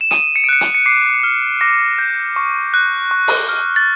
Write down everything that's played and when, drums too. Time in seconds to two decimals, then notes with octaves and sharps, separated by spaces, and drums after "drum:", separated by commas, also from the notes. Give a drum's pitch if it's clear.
0.01 E7
0.11 D#6 D#7, drum: hi-hat
0.36 C#7
0.44 D7
0.49 F#6 C#7
0.61 C#7, drum: hi-hat
0.75 C#7
0.86 D6 C7
1.23 F6
1.61 D6 A#6
1.99 G6
2.36 C#6
2.74 F#6
3.11 C#6
3.28 drum: open hi-hat
3.49 F6
3.76 A6